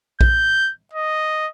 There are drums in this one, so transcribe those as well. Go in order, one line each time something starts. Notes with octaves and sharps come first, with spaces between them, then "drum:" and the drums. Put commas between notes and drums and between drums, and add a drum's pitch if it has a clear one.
G6, drum: kick A#1
D#5